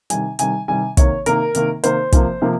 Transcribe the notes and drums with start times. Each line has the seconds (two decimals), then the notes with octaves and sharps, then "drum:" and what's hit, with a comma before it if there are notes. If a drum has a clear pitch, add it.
0.10 C3 D#3 G3 G#5, drum: hi-hat
0.39 C3 D#3 G3 G#5, drum: hi-hat
0.68 C3 D#3 G3 G#5
0.97 C3 D#3 A#3 C#5, drum: kick, hi-hat
1.26 C3 D#3 A#3 A#4, drum: hi-hat
1.55 C3 D#3 A#3, drum: hi-hat
1.84 C3 D#3 A#3 C5, drum: hi-hat
2.12 C3 F3 A#3, drum: kick, hi-hat
2.41 C3 F3 A#3